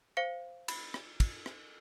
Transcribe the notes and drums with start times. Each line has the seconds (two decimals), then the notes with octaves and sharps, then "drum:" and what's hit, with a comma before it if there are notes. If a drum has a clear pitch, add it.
0.17 C5 F5 C#7
0.68 B5, drum: cymbal
0.94 drum: rim click
1.20 drum: kick, cymbal
1.46 drum: rim click